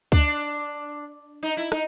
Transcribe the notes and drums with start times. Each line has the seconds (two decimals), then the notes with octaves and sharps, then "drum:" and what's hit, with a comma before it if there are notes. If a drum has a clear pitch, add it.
0.12 D4, drum: kick C#2
1.43 D#4
1.57 E4
1.72 D#4, drum: rim click